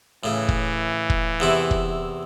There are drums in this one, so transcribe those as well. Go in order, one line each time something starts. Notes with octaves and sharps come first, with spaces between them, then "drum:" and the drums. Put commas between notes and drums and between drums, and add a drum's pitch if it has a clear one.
A2 C#3 E3
drum: kick
drum: kick
E2 C3 E4
drum: kick